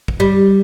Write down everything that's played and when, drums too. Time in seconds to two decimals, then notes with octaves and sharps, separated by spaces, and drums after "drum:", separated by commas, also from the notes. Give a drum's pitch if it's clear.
0.08 drum: kick
0.20 G3